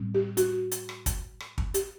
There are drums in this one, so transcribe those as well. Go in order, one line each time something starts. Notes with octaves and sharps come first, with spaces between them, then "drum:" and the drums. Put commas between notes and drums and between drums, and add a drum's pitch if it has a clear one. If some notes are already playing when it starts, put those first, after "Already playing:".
Already playing: A2 G3 C4
G4
F#4, drum: hi-hat
drum: hi-hat
drum: rim click
drum: kick, hi-hat
drum: rim click
drum: kick
G4, drum: hi-hat